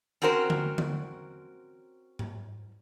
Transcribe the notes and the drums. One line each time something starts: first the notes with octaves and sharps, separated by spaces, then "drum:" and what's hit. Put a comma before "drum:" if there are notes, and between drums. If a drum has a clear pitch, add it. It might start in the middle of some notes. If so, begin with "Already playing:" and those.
C4 C#4 F#4 A#4 C5
drum: tom D3
drum: tom D3
drum: tom G#2